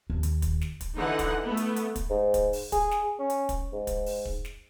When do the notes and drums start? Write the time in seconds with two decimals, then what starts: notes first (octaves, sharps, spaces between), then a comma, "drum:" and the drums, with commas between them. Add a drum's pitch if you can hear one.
0.10 D#2
0.23 drum: hi-hat
0.42 drum: kick, hi-hat
0.61 drum: snare
0.81 drum: kick, hi-hat
0.96 D3 E3 D#4 F#5
1.19 drum: kick, hi-hat
1.46 A3 B3
1.57 drum: hi-hat
1.76 drum: hi-hat
1.96 drum: kick, hi-hat
2.10 G#2
2.34 drum: kick, hi-hat
2.53 drum: open hi-hat
2.72 G#4, drum: kick, hi-hat
2.91 drum: snare
3.19 C#4
3.30 drum: hi-hat
3.49 drum: kick, hi-hat
3.73 G#2
3.87 drum: kick, hi-hat
4.06 drum: open hi-hat
4.25 drum: kick
4.45 drum: snare